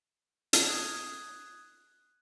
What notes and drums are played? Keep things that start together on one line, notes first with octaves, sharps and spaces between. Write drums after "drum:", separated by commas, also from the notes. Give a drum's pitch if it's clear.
drum: hi-hat
D#6 F#6 G#6